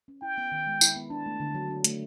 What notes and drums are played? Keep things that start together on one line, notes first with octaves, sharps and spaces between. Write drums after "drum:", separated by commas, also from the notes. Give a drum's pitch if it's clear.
C#4
E4 G5
B3
D#3
G#3
E4, drum: tambourine
B3
D4 A5
A3
D3
F#3
D4
A3, drum: hi-hat